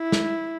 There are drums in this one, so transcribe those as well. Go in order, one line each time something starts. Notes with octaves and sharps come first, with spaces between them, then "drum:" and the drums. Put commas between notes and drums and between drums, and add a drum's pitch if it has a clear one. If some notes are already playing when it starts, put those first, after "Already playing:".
Already playing: E4
drum: snare